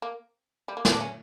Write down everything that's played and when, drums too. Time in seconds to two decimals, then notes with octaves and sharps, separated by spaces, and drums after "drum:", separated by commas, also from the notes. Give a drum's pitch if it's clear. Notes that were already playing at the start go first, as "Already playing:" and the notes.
0.02 A#3
0.68 G3
0.77 A#3
0.85 C#4, drum: snare
0.92 D4
1.01 C#4